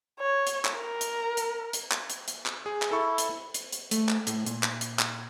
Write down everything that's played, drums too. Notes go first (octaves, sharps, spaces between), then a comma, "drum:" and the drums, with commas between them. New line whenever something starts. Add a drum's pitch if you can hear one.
C#5
drum: hi-hat
drum: clap
A#4
drum: hi-hat
drum: hi-hat
drum: hi-hat
drum: clap
drum: hi-hat
drum: hi-hat
drum: clap
G#4
drum: clap
E4 A4 C#6
drum: hi-hat
drum: hi-hat
drum: hi-hat
A3, drum: hi-hat
drum: clap
A2, drum: hi-hat
A#2, drum: hi-hat
drum: clap
drum: hi-hat
drum: clap